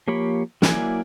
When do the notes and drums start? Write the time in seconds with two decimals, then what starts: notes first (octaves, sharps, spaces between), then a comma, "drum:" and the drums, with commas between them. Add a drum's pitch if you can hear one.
0.08 F3 A#3 G4 C#5 B5
0.62 F#3 A#3 E4 D5 G#5, drum: snare